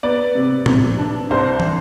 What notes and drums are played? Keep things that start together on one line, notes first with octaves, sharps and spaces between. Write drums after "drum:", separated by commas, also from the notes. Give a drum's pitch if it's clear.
B3 D5
C3
C3, drum: tom
D4
C2 C5
drum: tom